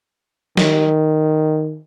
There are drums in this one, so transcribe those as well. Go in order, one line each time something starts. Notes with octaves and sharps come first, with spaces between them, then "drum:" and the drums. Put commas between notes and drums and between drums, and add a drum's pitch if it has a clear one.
D#3, drum: snare